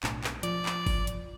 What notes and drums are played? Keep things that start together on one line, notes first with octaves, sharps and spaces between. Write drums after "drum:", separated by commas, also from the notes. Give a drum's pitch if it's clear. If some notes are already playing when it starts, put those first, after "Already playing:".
B1 A2 D4, drum: clap
drum: clap
F3 D5, drum: hi-hat
drum: clap
drum: kick G1, open hi-hat
drum: hi-hat